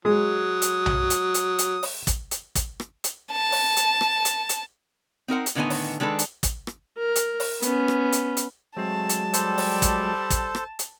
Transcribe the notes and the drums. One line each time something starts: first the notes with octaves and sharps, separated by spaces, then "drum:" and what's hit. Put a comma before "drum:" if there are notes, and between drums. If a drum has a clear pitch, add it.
F#3 G#3 D#6
drum: hi-hat
drum: tom B1
drum: hi-hat
drum: hi-hat
drum: hi-hat
drum: open hi-hat
drum: kick, hi-hat
drum: hi-hat
drum: kick, hi-hat
drum: rim click
drum: hi-hat
A5
drum: open hi-hat
drum: hi-hat
drum: rim click
drum: hi-hat
drum: hi-hat
C4 D#4 A#4 F#5
drum: hi-hat
A2 D3 D#3 B3 D#5 G#5
drum: open hi-hat
D#3 G#3 D4 A4 B4
drum: hi-hat
drum: kick, hi-hat
drum: rim click
A#4
drum: hi-hat
drum: open hi-hat
B3 C#4, drum: hi-hat
drum: rim click
drum: hi-hat
drum: hi-hat
F#3 G#3 A3 C4 A5
drum: hi-hat
G3 A4 C5, drum: hi-hat
drum: open hi-hat
drum: kick, hi-hat
drum: kick, hi-hat
drum: rim click
drum: hi-hat